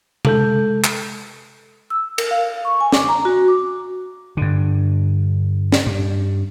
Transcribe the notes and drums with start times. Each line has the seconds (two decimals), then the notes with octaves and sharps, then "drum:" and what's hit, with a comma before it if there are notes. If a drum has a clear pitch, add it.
0.25 G#3 A4 G6, drum: tom C3
0.84 drum: clap
1.90 E6
2.18 A#4, drum: cymbal
2.31 F5
2.65 C#6
2.81 G#5
2.92 D6, drum: snare
3.09 A#5
3.25 F#4
3.48 D6
4.37 G2 D3
5.72 drum: snare
5.86 G2